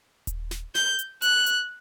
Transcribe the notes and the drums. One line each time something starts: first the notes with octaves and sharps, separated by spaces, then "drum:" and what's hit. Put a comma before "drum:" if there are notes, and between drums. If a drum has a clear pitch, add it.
drum: kick D#1, hi-hat
drum: snare
G6, drum: snare
drum: hi-hat
F#6, drum: hi-hat
drum: hi-hat